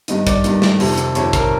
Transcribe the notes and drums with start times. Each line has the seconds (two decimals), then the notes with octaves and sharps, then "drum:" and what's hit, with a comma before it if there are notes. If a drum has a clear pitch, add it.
0.08 G2 D#3 D#5, drum: hi-hat
0.27 D5, drum: kick, hi-hat
0.44 G2 D#3, drum: hi-hat
0.62 drum: snare
0.80 F2 C3 D#3, drum: open hi-hat
0.97 drum: hi-hat
1.15 F2 C3 D#3 C#5, drum: hi-hat
1.33 A#4, drum: kick, hi-hat